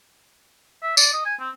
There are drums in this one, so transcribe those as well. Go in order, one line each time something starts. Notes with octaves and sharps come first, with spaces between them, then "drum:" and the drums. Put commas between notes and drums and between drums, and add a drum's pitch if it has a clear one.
E5
D5, drum: tambourine
D#5
G#5
C4